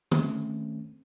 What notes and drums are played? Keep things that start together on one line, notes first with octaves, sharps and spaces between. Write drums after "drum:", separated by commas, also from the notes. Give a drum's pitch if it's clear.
D#3 A3 C4 C#4, drum: tom D3